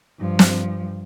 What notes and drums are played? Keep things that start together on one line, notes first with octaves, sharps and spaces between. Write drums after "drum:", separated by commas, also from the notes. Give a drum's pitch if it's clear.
G2 F3
drum: snare